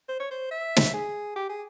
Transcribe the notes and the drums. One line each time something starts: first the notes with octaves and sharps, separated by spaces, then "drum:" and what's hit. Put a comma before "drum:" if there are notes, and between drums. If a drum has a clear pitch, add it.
C5
C#5
C5
E5
drum: snare
G#4
G4
G#4